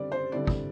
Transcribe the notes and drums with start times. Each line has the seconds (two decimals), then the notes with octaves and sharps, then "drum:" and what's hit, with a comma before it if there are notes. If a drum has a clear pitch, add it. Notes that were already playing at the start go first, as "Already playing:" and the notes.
Already playing: D3 G3 C4 D5
0.12 C5
0.32 D3 G3 C4 E4 D5
0.47 drum: kick